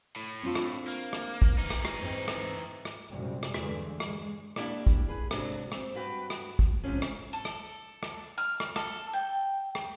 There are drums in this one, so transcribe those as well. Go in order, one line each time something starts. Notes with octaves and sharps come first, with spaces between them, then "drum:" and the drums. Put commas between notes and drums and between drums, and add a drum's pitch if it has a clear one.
A2
C4 D4 F4
drum: rim click
A#3
drum: rim click
drum: kick
E3 D#4
drum: rim click
drum: rim click
G#2 C4
drum: rim click
drum: rim click
C2 F#2 A#2 G3 G#3
drum: rim click
E2 G2 D3 E3 G#3 A3, drum: rim click
G#3, drum: rim click
A#3 D4 E4 G4 D5, drum: rim click
drum: kick
G#4 B4
G#2 C3 F#3 D4, drum: rim click
C4, drum: rim click
G2 F#4 B4 G5
drum: rim click
drum: kick
G#2 C3 E3 F3 C#4
drum: rim click
A4
drum: rim click
drum: rim click
F6
drum: rim click
A4, drum: rim click
G5
drum: rim click